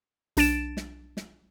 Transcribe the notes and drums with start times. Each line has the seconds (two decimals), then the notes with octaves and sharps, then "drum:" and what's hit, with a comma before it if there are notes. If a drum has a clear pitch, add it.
0.37 B1 D4 A6 D7 E7, drum: hi-hat
0.77 drum: snare
1.17 drum: snare